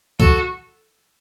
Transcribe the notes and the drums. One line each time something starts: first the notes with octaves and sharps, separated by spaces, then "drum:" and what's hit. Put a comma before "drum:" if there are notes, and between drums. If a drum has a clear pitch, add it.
F#4 A4, drum: kick C#2